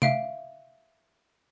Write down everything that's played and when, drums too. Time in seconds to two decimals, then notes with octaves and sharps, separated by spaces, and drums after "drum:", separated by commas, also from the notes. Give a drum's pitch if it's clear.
0.02 E5 F5 D7, drum: tom C3